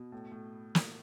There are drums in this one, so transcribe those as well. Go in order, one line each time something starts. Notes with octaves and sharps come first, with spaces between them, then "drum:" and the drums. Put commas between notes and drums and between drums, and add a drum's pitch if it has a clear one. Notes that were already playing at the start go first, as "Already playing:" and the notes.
Already playing: B2
A2
A2
drum: snare